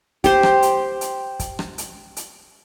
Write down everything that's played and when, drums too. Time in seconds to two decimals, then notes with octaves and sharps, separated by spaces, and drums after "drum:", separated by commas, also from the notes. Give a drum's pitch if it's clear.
0.24 G4 C5, drum: kick, hi-hat
0.43 drum: rim click
0.62 drum: hi-hat
1.01 drum: hi-hat
1.40 drum: kick, hi-hat
1.59 drum: rim click
1.78 drum: hi-hat
2.17 drum: hi-hat